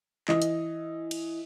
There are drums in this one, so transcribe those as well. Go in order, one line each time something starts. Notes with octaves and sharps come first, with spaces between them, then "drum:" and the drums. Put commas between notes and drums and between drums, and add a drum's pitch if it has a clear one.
E3 D#5, drum: clap
drum: hi-hat
drum: cymbal